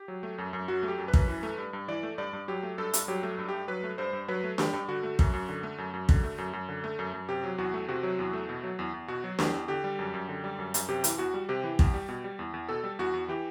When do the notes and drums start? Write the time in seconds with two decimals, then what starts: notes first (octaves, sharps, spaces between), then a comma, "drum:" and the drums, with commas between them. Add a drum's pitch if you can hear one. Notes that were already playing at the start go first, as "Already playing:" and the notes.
Already playing: G4
0.08 F#3
0.23 A3
0.38 F#2
0.53 F#2
0.68 F#3 F#4
0.83 A3
0.88 G4
0.98 F#2
1.08 B4
1.13 F#2, drum: kick
1.28 E3
1.43 A3
1.58 G2
1.73 G2
1.88 E3 D5
2.03 A3
2.18 G2 D5
2.33 G2
2.48 F#3 G4
2.63 A3
2.78 G2 A4
2.94 G2, drum: hi-hat
3.08 F#3 G4
3.23 A3
3.38 G2
3.49 G4
3.54 G2
3.68 F#3 B4
3.83 A3
3.98 G2 C5
4.13 G2
4.28 F#3 B4
4.44 A3
4.58 G2 G4, drum: snare D4
4.73 G2
4.88 D3 F#4
5.03 A3
5.19 F#2, drum: kick
5.34 F#2
5.49 D3
5.63 A3
5.78 F#2
5.94 F#2
6.09 D3, drum: kick
6.24 A3
6.38 F#2
6.53 F#2
6.69 D3
6.84 A3
6.99 F#2
7.14 F#2
7.29 C3 G4
7.43 F#3
7.58 E2 F#4
7.74 A3
7.88 C3 F#4
8.03 F#3
8.19 E2
8.33 A3
8.49 B2
8.63 F#3
8.79 E2
8.94 E2
9.08 B2 F#4
9.24 F#3
9.39 E2 G4, drum: snare D4
9.54 E2
9.68 D3 G4
9.84 G3
9.99 F#2
10.14 F#2
10.29 D3
10.44 G3
10.59 F#2
10.74 F#2, drum: hi-hat
10.89 C3 G4
11.04 E3, drum: hi-hat
11.18 E2 F#4
11.34 G3
11.49 C3 G4
11.64 E3
11.79 E2, drum: kick
11.94 G3
12.09 B2
12.24 G3
12.39 E2
12.54 E2
12.69 B2 A4
12.84 G3
12.99 E2 F#4
13.14 E2
13.28 E3 G4